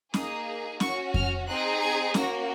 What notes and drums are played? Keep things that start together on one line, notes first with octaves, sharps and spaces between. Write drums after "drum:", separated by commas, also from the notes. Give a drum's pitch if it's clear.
A#3 D#4 G#4 D#6, drum: snare C#4
C#4 F#4 C#6, drum: snare C#4
F6, drum: kick F2
C4 D#4 G#4 F#6
G#6
A#3 C#4 F#4 A#6, drum: snare C#4